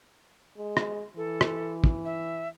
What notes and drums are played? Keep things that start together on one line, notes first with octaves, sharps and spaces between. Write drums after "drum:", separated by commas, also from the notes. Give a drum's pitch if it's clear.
G#3
drum: rim click
E3 A4
drum: rim click
drum: kick
E5